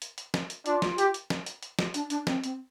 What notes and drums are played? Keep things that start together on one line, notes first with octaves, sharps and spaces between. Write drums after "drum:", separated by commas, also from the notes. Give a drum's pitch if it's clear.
drum: hi-hat
drum: hi-hat
drum: snare
drum: hi-hat
D4 F4, drum: hi-hat
drum: snare
G4, drum: hi-hat
drum: hi-hat
drum: snare
drum: hi-hat
drum: hi-hat
drum: snare
D4, drum: hi-hat
D4, drum: hi-hat
C4, drum: snare
C4, drum: hi-hat